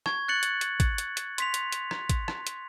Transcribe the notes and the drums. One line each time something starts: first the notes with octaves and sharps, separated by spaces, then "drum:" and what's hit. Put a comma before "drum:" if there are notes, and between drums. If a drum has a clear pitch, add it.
C#6 G#6, drum: rim click
F#6 A6 C#7 F#7
drum: hi-hat
drum: hi-hat
drum: kick, hi-hat
drum: hi-hat
drum: hi-hat
C6 B6 F7, drum: hi-hat
drum: hi-hat
drum: hi-hat
drum: rim click
drum: kick, hi-hat
drum: rim click
drum: hi-hat